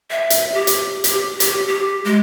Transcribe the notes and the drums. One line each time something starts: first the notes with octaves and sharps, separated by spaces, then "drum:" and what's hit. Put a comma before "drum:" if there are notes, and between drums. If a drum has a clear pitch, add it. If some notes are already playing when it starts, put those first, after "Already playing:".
E5
drum: hi-hat
G4
drum: hi-hat
G4, drum: hi-hat
G4, drum: hi-hat
G4
G#3